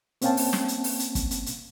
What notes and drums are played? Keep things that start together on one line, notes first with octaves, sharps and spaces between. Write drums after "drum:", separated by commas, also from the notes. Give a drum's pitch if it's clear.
A#3 C4 C#4 F5 G5 A5, drum: hi-hat
drum: open hi-hat
drum: snare
drum: hi-hat
drum: open hi-hat
drum: hi-hat
drum: kick, hi-hat
drum: hi-hat
drum: hi-hat